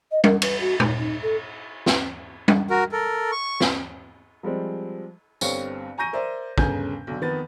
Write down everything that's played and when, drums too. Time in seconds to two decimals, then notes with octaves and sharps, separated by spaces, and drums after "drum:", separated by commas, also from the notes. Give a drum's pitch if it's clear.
0.11 D#5
0.24 A#4, drum: tom G3
0.42 B4, drum: cymbal
0.60 F#4
0.80 D#4, drum: tom
0.98 D#4
1.22 A4
1.86 drum: snare
2.48 drum: tom G3
2.70 F#4 A#4
2.92 A4 A#4
3.32 C#6
3.60 drum: snare
4.43 F3 G3 G#3 C4
5.41 G1 G2 C4 C#5 F5 C#7, drum: tambourine
5.98 G#5 A#5 C#6 G6 A#6 D#7
6.13 A#4 C5 D5 E5
6.58 G1 C#3 C#4 A#4 G#5 G6, drum: kick
7.07 B1 D3
7.21 F2 D#3 B3 B4 A6